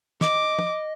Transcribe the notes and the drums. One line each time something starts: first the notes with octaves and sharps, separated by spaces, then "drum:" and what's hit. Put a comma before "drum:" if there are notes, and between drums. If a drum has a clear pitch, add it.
D#5 D6, drum: snare
drum: tom